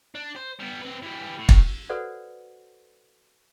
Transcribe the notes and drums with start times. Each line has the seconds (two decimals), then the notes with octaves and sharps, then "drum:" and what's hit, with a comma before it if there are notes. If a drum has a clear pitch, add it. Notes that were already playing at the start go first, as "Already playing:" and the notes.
0.15 D4
0.36 C5
0.60 G3 B3
0.82 C4 B4
1.02 E3 G3
1.39 A2
1.49 drum: kick
1.89 F#4 A4 B4 C5 D5 F#5